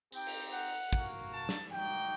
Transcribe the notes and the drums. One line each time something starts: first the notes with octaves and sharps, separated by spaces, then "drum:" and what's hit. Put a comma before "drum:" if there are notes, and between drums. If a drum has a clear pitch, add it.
C4 D#4 G4 G5, drum: tambourine
drum: open hi-hat
F#5
A#3 F#4, drum: kick
A5
drum: snare
A#3 D#4 F#4 G5